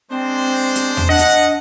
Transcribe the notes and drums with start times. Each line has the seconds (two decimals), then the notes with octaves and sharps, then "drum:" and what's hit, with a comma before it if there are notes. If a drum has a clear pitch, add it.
0.10 G#3 C4 D4 C5
0.75 drum: hi-hat
0.97 drum: tom E2
1.09 D4 D#5 F#5
1.19 drum: hi-hat